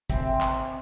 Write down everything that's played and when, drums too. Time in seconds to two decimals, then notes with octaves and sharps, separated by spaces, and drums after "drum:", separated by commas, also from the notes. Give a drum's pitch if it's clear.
0.10 C4 E5 G#5 C6, drum: kick, hi-hat
0.41 drum: clap